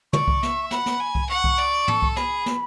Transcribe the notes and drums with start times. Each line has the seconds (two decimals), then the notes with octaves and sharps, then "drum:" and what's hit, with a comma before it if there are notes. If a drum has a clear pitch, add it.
0.13 D5 C#6, drum: tom
0.28 drum: kick C2
0.43 E5, drum: snare
0.71 F#5 B5, drum: snare
0.86 drum: snare
1.00 G#5
1.15 drum: kick C2
1.29 F#5 C#6
1.44 drum: kick C2
1.58 D5
1.88 A4, drum: tom
2.02 drum: kick C2
2.16 G#4 B5, drum: snare
2.46 drum: snare